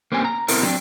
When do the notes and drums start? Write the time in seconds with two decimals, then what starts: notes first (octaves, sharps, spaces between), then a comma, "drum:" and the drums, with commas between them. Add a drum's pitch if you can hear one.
0.12 A#3 C4 C#4 G4 G#5
0.24 A#5
0.48 B3 C4 E4 A4 A#4, drum: open hi-hat
0.63 F#3 C4 D4, drum: rim click